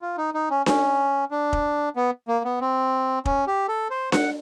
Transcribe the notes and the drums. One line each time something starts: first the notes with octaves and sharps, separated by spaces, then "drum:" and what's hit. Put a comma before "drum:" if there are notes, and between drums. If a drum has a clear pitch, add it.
F4
D#4
D#4
C#4
C#4, drum: snare D4
D4
drum: kick
B3
A#3
B3
C4
C#4, drum: kick
G4
A4
C5
F#5, drum: snare D4